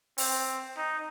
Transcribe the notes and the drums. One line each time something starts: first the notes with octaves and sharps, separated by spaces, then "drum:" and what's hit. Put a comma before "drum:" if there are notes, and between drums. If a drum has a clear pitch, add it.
C4, drum: open hi-hat
D#4